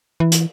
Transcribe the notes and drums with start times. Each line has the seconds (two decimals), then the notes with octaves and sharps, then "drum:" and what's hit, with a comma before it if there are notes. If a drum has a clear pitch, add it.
0.20 E3
0.32 drum: hi-hat